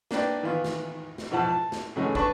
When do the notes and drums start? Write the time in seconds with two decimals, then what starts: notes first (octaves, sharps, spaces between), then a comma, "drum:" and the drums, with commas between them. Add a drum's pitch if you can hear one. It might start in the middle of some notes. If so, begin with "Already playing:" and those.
0.11 A#3 D4 B4 D5 G5, drum: snare
0.43 D#3 E3 B3 F4
0.64 drum: snare
1.18 drum: snare
1.31 E2 B2 F3 F#5 A5
1.48 A5
1.72 drum: snare
1.96 C#3 E3 F#3 G#3 A3 D#4
2.15 D4 B4 A5 C#6, drum: kick